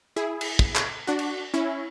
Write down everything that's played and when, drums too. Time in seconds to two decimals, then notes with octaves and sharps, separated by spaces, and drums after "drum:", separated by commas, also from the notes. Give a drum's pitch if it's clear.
0.16 E4 G#4
0.41 drum: cymbal
0.59 drum: kick
0.75 drum: clap
1.07 D4 F#4
1.19 drum: cymbal
1.54 C#4 E4